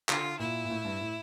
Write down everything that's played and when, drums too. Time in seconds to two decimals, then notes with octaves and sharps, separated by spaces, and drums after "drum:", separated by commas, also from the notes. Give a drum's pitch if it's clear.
0.09 D3 F4, drum: clap
0.39 A#2 E4
0.65 A#2
0.70 A2
0.85 G2
1.01 A2